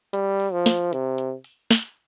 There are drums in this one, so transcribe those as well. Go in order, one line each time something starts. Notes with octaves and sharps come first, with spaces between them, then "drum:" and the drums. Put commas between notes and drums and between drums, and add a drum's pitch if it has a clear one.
G3, drum: hi-hat
drum: open hi-hat
F3
drum: snare
C3, drum: hi-hat
drum: hi-hat
drum: open hi-hat
drum: snare